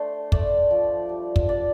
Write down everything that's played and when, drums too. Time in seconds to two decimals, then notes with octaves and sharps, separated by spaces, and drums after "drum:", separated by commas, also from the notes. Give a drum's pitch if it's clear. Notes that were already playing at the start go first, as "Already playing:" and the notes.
Already playing: A3 D4 C5
0.32 A3 D5, drum: kick
0.71 F3
1.09 G3
1.36 drum: kick
1.49 D4 D5